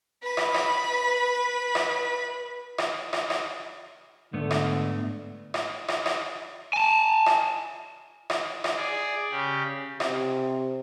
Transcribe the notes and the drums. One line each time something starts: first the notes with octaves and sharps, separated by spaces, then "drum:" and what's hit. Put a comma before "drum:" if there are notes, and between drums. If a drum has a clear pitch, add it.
B4 B5
drum: rim click
drum: rim click
drum: rim click
drum: rim click
drum: rim click
drum: rim click
G#2 D3 A3 B3
drum: rim click
drum: rim click
drum: rim click
drum: rim click
G#5 A5
drum: rim click
drum: rim click
drum: rim click
G#4 D5
C#3 G4
C3, drum: rim click